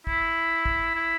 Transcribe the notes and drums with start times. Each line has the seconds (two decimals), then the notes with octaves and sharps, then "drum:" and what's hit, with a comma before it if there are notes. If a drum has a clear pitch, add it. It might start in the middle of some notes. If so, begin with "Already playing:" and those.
0.07 E4, drum: kick
0.65 drum: kick
0.95 E4